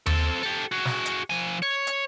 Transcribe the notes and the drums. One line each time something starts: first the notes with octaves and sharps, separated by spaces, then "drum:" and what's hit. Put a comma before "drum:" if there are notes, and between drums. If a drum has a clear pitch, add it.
C4 A4, drum: tom D#2
G4 A4
F#4 G#4
drum: snare
drum: hi-hat
F3 G#5
C#5
drum: hi-hat